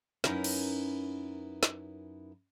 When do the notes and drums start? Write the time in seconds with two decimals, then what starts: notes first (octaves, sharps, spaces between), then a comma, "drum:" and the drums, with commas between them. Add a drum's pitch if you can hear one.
0.24 F#2 C#4 D#4 E4 A#4 B4, drum: snare
0.44 drum: cymbal
1.63 drum: snare